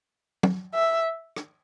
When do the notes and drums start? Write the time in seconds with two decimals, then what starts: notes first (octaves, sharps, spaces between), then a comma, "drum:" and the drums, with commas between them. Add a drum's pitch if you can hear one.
0.43 drum: tom
0.74 E5
1.36 drum: rim click